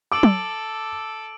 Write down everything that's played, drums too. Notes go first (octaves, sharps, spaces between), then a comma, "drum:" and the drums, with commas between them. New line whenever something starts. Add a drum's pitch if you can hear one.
A4 D6 E6 D7 F#7
drum: tom